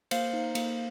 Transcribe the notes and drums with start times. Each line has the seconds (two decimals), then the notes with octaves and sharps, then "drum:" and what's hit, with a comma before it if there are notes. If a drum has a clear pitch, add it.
0.11 A#3 C5 F5, drum: cymbal
0.33 D#4
0.55 A#3, drum: cymbal